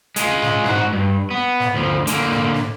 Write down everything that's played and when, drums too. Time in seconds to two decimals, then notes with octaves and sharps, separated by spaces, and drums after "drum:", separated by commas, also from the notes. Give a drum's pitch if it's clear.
0.16 G#3 F4, drum: hi-hat
0.42 drum: snare
0.64 G#2 F#4, drum: snare
0.93 G2
1.31 B3
1.60 drum: snare
1.74 D2 F3
2.07 D3 A#3, drum: hi-hat
2.31 drum: snare
2.54 drum: snare